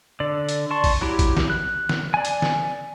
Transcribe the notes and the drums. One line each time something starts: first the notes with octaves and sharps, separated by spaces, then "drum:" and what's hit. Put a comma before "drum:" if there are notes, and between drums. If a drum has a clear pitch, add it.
D3 D5
drum: hi-hat
D5 A5 C6 C#6
drum: kick, open hi-hat
F#3 E4 G4
drum: kick, hi-hat
drum: snare
F#6
drum: snare
D5 G#5
drum: hi-hat
drum: snare